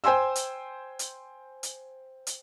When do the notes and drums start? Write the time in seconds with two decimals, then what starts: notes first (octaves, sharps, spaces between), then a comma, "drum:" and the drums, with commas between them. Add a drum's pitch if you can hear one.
0.04 C5 G5 G#5 C6 E6
0.35 drum: hi-hat
0.99 drum: hi-hat
1.63 drum: hi-hat
2.27 drum: hi-hat